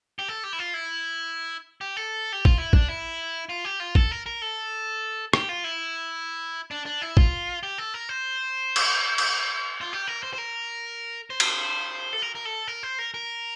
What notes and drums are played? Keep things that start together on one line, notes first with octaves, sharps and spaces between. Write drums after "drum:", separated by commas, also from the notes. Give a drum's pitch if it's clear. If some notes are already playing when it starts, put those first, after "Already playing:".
G4
A4
G4
E4
F4
E4
G4
A4
G4
F4, drum: kick
E4
D4, drum: kick
E4
F4
G4
F4
A4, drum: kick
A#4
A#4
A4
G4, drum: rim click
F4
E4
D4
D4
E4
F4, drum: kick
G4
A4
A#4
C5
drum: cymbal
drum: cymbal
F4
G4
A#4
C5
C5
A#4
C5
drum: cymbal
A4
A#4
A#4
A4
A#4
C5
A#4
A#4